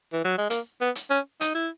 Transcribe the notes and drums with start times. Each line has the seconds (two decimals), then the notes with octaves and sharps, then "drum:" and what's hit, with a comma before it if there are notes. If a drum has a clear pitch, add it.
0.13 E3
0.24 F#3
0.38 G#3
0.50 A#3, drum: hi-hat
0.81 B3
0.95 drum: hi-hat
1.10 C#4
1.41 D#4, drum: hi-hat
1.55 E4